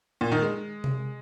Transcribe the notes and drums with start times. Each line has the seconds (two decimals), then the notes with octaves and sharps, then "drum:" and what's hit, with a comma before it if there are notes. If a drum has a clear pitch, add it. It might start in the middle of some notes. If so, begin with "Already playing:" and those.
0.21 A#2
0.32 D#3
0.42 G#3
0.84 drum: tom C3